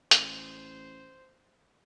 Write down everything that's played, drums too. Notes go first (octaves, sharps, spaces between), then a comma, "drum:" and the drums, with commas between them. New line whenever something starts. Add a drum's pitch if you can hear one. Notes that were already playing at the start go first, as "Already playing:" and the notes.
A1 C5, drum: hi-hat